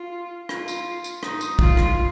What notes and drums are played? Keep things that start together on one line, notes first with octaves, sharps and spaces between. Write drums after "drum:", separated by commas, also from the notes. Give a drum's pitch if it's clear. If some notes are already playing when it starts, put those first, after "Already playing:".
Already playing: F4
F4, drum: rim click
drum: tambourine
drum: tambourine
D#4, drum: rim click
drum: tambourine
F4, drum: kick
drum: rim click